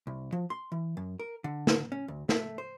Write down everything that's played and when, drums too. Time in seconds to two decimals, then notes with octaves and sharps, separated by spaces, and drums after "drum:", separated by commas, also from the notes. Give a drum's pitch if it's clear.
0.07 C2
0.32 F3
0.50 C6
0.72 E3
0.97 F#2
1.20 A#4
1.44 D3
1.67 drum: snare
1.92 C#4
2.08 D2
2.29 A3, drum: snare
2.58 C5